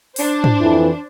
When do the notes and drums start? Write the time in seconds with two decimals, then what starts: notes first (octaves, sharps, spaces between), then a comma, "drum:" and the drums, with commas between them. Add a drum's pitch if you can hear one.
0.16 D4 C5, drum: open hi-hat
0.44 drum: tom G#2
0.60 F2 E3